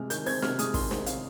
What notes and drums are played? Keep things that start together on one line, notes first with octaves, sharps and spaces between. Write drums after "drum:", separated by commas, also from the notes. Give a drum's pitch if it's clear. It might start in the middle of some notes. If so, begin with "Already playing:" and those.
Already playing: C3 G#3 C4 F6
D#3 G6, drum: hi-hat
C4 G#6, drum: open hi-hat
C3 F6, drum: snare
G#3 D#6, drum: hi-hat
D#3 C6, drum: kick, open hi-hat
C4, drum: snare
C3 F5, drum: hi-hat